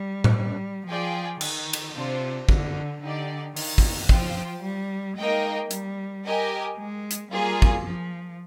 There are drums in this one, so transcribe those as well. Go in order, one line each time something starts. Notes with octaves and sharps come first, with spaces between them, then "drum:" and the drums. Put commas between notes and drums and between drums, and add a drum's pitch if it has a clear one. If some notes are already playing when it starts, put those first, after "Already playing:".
Already playing: G3
drum: tom A2
G3
F3 F4 G#4 D5 G5
D#3, drum: cymbal
drum: cymbal
C3 D4 F4 C5
D3, drum: kick
D3 D#4 G4 D5
D#3, drum: open hi-hat
drum: kick
F3 F4 C5 G5, drum: kick
G3
G#3 A#3 D#4 A#4 D#5 G5
G3, drum: hi-hat
G4 A#4 D#5 G#5
G#3
drum: hi-hat
G3 A#3 F4 G#4
drum: kick
F3